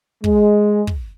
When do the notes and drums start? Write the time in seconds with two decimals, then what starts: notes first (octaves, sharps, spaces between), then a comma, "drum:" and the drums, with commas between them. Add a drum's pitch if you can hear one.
0.24 G#3, drum: kick
0.87 drum: kick